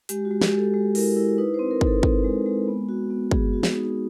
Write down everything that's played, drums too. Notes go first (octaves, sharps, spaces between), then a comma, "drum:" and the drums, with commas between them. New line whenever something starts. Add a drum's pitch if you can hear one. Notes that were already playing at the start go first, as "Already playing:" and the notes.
G#3 G4, drum: hi-hat
F#4
G#3
G4, drum: snare
G#3
A4
G#3
E4 A#4, drum: open hi-hat
E4 A#4
D#4 B4
C5
C4
A#4
D#4, drum: kick
A4
C4, drum: kick
G#3
G#3
B3
F#4
B3
B3 G#4, drum: kick
F#4
drum: snare
D#4